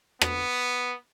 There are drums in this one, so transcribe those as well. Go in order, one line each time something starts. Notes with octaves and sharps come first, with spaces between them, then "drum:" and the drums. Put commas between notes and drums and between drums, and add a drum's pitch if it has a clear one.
B3, drum: rim click